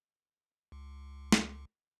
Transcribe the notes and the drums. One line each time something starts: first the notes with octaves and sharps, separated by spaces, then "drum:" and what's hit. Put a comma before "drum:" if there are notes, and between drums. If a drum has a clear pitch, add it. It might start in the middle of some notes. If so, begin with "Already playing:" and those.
C#2
drum: snare